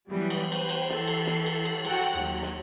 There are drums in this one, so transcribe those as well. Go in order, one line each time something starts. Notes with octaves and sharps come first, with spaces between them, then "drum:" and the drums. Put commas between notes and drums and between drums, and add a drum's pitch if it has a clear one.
E3 F#3 G3 B3
drum: cymbal
B4 C5 G5, drum: cymbal
drum: cymbal
E3 A4 C7, drum: snare
drum: cymbal
drum: snare
drum: cymbal
drum: cymbal
F#4 A4 F#5 G5, drum: cymbal
drum: cymbal
D#2 F#3
drum: snare